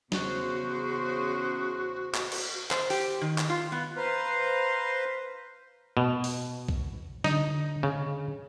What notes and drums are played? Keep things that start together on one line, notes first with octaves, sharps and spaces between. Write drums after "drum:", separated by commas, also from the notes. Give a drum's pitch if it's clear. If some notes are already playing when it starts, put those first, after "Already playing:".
E2 C#3 F#4 C5, drum: snare
drum: clap
drum: cymbal
C5, drum: clap
G4, drum: open hi-hat
D#3
drum: clap
F4
B3
B4 C5 F5 A#5 C6
B2
drum: open hi-hat
drum: kick B1
D3 D#4, drum: snare
C#3